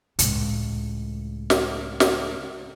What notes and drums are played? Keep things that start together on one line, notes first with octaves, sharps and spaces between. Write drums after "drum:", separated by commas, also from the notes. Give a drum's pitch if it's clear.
C#2 A2, drum: hi-hat
drum: snare
drum: snare